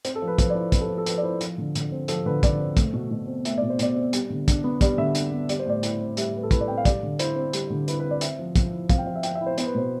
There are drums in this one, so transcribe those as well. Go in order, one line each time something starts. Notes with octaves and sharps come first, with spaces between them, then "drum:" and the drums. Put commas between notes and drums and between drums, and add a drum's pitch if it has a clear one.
C4 C5, drum: hi-hat
A4
F3
B4
F3 B4, drum: kick, hi-hat
D5
E4
C4 B4, drum: kick, hi-hat
A4
F3
A4
F3 B4, drum: hi-hat
D5
E4 C5
F3, drum: hi-hat
D3
D3, drum: hi-hat
C4
F3 A4, drum: hi-hat
D3 B4
D3 D5, drum: kick, hi-hat
C4
A3, drum: kick, hi-hat
B2
B2
C4
A3 E5, drum: hi-hat
B2 D5
C5
B2 D5, drum: hi-hat
C4
G3, drum: hi-hat
D3
D4, drum: kick, hi-hat
B3
G3 D5, drum: kick, hi-hat
D3 E5
D4, drum: hi-hat
B3
G3 D5, drum: hi-hat
C5
A2 D5
E4, drum: hi-hat
C4
G3 E5, drum: hi-hat
A2 B4
A4
E4 B4, drum: kick, hi-hat
D5
C4 G5
F5
G3 D5, drum: kick, hi-hat
D3
E4 C5, drum: hi-hat
C4
G3, drum: hi-hat
D3
E4 B4, drum: hi-hat
B4
C4
D5
C4 E5, drum: hi-hat
F3
F3, drum: kick, hi-hat
E4
C4 F5, drum: kick, hi-hat
G5
F3 F5
E5
F3 G5, drum: hi-hat
E5
E4
C5
B3 C5, drum: hi-hat
B4
B2 C5